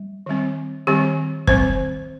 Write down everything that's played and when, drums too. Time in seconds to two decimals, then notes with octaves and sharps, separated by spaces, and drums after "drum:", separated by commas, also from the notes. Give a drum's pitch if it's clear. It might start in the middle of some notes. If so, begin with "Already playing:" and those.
Already playing: G3
0.26 D#3 G3 C4
0.87 D#3 G3 C4 G4
1.48 D#3 G3 C4 C5, drum: kick